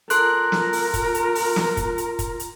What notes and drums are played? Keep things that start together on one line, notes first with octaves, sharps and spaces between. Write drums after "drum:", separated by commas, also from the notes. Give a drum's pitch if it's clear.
F4 A4 A#4 C6 F#6, drum: hi-hat
drum: snare
drum: open hi-hat
drum: kick, hi-hat
drum: hi-hat
drum: open hi-hat
drum: snare
drum: kick, hi-hat
drum: hi-hat
drum: kick, hi-hat
drum: hi-hat